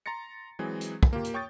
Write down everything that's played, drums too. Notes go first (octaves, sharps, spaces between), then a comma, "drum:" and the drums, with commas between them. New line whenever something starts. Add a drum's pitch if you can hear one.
A#5 C6 A6 A#6 C#7
E3 F#3 G#3 C4 G#4
drum: hi-hat
drum: kick
A#3 F4 G4
drum: hi-hat
C#5 G5 C#6 D#6 G6 A6